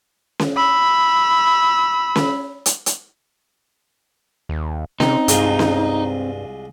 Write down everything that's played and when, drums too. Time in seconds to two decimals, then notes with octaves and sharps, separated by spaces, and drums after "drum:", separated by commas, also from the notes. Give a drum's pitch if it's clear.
0.39 drum: snare C#4
0.56 B5 E6
2.16 drum: snare C#4
2.66 drum: hi-hat
2.86 drum: hi-hat
4.49 D#2
5.00 C3 C4 D#4, drum: snare C#4
5.28 C2 G2 G#3 F4, drum: hi-hat
5.59 drum: snare C#4